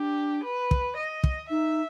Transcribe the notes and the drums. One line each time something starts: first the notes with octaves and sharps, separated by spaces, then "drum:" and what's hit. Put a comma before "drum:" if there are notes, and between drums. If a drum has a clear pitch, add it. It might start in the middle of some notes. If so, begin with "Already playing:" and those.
Already playing: D4 G4
B4
drum: kick
D#5
drum: kick
D#4 E5